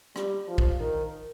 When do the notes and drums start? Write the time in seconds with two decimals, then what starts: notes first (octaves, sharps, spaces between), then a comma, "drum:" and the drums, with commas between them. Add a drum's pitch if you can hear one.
0.16 G3, drum: rim click
0.48 F3
0.58 drum: kick
0.80 D#3